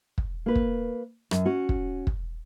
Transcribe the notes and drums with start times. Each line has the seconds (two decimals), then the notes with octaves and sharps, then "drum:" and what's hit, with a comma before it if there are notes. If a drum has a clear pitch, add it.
0.18 drum: kick
0.46 A#3 B4
0.56 drum: kick
1.31 F#2, drum: rim click
1.45 C#4 F#4
1.69 drum: kick
2.07 drum: kick